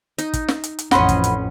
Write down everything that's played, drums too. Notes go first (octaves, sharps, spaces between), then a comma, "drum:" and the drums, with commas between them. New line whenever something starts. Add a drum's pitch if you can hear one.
D#4, drum: hi-hat
drum: kick, hi-hat
drum: snare
drum: hi-hat
drum: hi-hat
A1 F2 C#4 D#5 F#5 B5 C6, drum: snare
drum: kick, hi-hat
drum: hi-hat